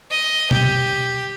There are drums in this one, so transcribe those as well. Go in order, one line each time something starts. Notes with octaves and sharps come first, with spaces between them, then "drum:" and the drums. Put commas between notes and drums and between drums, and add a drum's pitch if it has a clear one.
D#5
G4, drum: tom B2